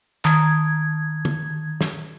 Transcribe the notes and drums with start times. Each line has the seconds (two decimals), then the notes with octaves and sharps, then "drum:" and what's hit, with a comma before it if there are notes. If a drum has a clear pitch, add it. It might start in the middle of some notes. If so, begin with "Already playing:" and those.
0.25 D#3 G#6, drum: clap
1.25 drum: tom
1.81 drum: snare